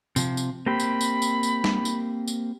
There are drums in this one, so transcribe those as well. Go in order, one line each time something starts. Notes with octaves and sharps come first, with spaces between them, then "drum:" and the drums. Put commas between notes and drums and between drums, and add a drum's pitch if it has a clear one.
C3 F3, drum: tambourine
drum: tambourine
A#3 C4 G4 B5
drum: tambourine
drum: tambourine
drum: tambourine
drum: tambourine
drum: snare
drum: tambourine
drum: tambourine